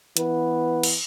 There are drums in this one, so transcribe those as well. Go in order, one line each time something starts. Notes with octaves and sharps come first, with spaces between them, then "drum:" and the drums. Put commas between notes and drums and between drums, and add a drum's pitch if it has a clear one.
E3 B3 B4, drum: hi-hat
drum: cymbal